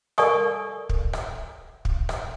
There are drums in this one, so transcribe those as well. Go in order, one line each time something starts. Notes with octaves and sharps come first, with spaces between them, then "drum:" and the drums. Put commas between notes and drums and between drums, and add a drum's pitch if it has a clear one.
A4 A#4 D5 G#5 C#6 D#6, drum: rim click
drum: kick
drum: rim click
drum: kick
drum: rim click